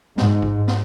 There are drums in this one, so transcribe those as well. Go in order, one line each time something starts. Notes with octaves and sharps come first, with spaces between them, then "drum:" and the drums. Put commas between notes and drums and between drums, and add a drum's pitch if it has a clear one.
G#2, drum: snare
drum: kick G#1
drum: snare